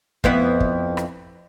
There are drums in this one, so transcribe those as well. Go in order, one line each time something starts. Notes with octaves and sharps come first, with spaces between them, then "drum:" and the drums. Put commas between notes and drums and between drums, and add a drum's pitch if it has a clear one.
F2 B3 E4, drum: kick
drum: kick
drum: rim click